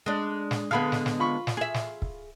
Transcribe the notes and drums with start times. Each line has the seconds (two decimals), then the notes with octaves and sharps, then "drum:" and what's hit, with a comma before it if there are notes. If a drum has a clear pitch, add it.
0.06 G#3 D4
0.51 drum: snare
0.71 D3 G#3 B3 F5 B5 D#6
0.92 drum: snare
1.06 drum: snare
1.19 F4 B5 C#6
1.47 drum: snare
1.57 G#4 E5
1.74 drum: snare
2.02 drum: kick